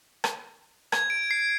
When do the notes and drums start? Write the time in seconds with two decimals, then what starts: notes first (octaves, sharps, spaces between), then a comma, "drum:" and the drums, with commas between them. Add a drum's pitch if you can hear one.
0.24 drum: rim click
0.92 G#6, drum: rim click
1.10 D7
1.31 C7